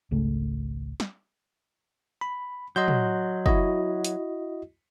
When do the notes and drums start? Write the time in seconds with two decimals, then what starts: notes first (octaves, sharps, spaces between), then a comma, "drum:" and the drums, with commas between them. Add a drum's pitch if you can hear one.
0.11 G#1 C#2 C#3 A3
1.00 drum: snare
2.21 B5
2.76 F#3 D#5 C6 G6
2.88 drum: tom
3.46 E4 F#4 D#5, drum: kick
4.05 drum: hi-hat